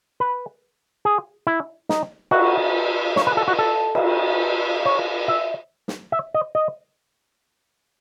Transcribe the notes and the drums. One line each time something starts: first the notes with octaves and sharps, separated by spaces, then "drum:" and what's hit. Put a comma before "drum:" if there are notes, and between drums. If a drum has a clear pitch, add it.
B4
G#4
E4
D#4, drum: snare
F#4, drum: cymbal
C#5, drum: snare
B4
A4
F#4
A4
drum: cymbal
C#5
E5
drum: snare
E5
D#5
D#5